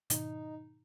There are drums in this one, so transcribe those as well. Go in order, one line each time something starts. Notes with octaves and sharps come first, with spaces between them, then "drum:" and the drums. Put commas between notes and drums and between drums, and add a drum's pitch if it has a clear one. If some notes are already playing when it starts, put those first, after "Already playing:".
G#2 B2 D#3 D#4, drum: hi-hat